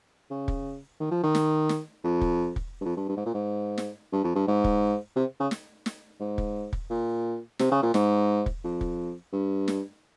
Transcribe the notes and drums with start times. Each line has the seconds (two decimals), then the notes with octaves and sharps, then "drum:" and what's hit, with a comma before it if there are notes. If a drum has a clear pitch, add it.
0.30 C#3
0.48 drum: kick
1.00 D#3
1.11 F3
1.23 D#3
1.35 drum: snare
1.69 drum: snare
2.04 F2
2.21 drum: kick
2.56 drum: kick
2.81 G2
2.85 F2
2.96 G2
3.08 G2
3.17 G#2
3.26 A#2
3.34 G#2
3.78 drum: snare
4.12 G2
4.24 F2
4.35 G2
4.47 G#2
4.64 drum: kick
5.16 C3
5.40 C#3
5.51 drum: snare
5.86 drum: snare
6.20 G#2
6.38 drum: kick
6.73 drum: kick
6.90 A#2
7.59 C3, drum: snare
7.71 C#3
7.82 A#2
7.94 G#2, drum: snare
8.46 drum: kick
8.64 F2
8.81 drum: kick
9.33 G2
9.68 drum: snare